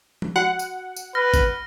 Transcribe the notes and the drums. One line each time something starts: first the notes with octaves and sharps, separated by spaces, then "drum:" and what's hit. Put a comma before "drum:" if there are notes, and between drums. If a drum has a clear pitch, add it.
drum: tom F3
F#4 F#5
drum: tambourine
drum: tambourine
B4 F6 A#6
drum: kick G#1, tambourine